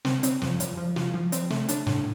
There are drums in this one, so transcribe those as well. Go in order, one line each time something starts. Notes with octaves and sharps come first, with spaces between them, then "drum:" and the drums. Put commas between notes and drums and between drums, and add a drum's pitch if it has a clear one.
C4, drum: snare
C4, drum: hi-hat
F2, drum: snare
F2, drum: hi-hat
F3
F4, drum: snare
F3
C4, drum: hi-hat
A3, drum: snare
D4, drum: hi-hat
A2, drum: snare